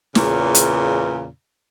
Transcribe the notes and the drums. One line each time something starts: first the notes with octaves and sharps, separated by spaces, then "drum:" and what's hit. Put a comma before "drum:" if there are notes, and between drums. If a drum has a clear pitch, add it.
E2 A#2 C#3, drum: snare
drum: hi-hat